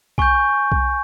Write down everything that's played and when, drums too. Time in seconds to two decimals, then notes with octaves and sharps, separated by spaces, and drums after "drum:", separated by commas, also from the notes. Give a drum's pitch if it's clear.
0.18 G#5 C#6 G6, drum: kick B1
0.72 drum: kick B1